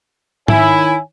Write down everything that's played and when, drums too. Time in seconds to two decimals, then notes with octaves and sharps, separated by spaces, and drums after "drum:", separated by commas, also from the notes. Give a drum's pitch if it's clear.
0.48 D#3 E4 C#5 G#5, drum: tom G#2